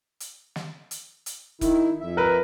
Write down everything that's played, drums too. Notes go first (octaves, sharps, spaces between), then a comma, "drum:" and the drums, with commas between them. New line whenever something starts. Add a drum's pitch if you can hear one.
drum: hi-hat
drum: snare
drum: hi-hat
drum: hi-hat
D#3 E4, drum: kick F1, hi-hat
F2 E5
A#4 B4